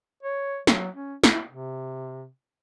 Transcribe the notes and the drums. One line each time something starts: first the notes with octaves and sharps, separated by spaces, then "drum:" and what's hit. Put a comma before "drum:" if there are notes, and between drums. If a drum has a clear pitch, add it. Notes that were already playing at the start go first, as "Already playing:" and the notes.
C#5
F#3, drum: snare
C#4
E4, drum: snare
C3